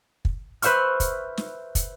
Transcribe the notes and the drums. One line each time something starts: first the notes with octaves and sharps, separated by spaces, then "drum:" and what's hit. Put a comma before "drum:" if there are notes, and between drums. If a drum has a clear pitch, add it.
drum: kick
B4 C5 E5 C#6 F6, drum: hi-hat
drum: kick, hi-hat
drum: snare
drum: kick, hi-hat